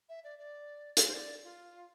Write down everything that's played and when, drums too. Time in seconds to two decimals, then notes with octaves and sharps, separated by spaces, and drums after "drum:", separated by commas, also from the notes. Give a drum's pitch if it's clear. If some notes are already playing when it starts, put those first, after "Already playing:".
0.09 E5
0.24 D5
0.38 D5
0.97 drum: hi-hat
1.07 C5
1.13 D5
1.44 F4